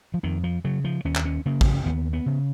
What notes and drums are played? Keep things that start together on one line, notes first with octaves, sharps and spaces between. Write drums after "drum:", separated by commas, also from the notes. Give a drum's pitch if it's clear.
F3
F2 D#3
F3
C#3 F#3
F3
D#2 C#4
drum: clap
C#4
C#3 A#3
drum: kick
D#2 B3
B3
C#3